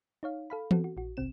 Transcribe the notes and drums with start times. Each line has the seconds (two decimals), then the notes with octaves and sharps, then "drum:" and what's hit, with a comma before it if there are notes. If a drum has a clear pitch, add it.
0.23 D#4 C#5 F5
0.50 A4 F5 B5
0.71 B3 C4 F#4 A4, drum: tom E3
0.84 F#4
0.97 A#1 F#4
1.17 G1 C2 C3 C4 E7